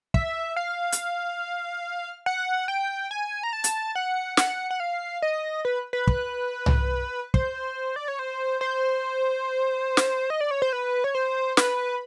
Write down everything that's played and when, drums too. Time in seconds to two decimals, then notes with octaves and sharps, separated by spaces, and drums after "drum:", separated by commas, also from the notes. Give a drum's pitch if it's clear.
0.14 E5, drum: kick
0.56 F5
0.92 drum: hi-hat
2.26 F#5
2.68 G5
3.11 G#5
3.43 A#5
3.53 A5
3.64 drum: hi-hat
3.95 F#5
4.37 F#5, drum: snare
4.71 F#5
4.80 F5
5.22 D#5
5.65 B4
5.93 B4
6.07 drum: kick
6.66 drum: tom C2
7.34 C5, drum: kick
7.96 D5
8.08 C#5
8.19 C5
8.61 C5
9.97 drum: snare
10.30 D#5
10.41 D5
10.51 C#5
10.62 C5
10.73 B4
11.04 C#5
11.15 C5
11.57 B4, drum: snare